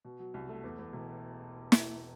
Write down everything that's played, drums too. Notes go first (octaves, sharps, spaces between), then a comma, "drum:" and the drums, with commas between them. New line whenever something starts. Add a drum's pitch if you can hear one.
B2
F#3
C2
A3
E2
E2
E1
drum: snare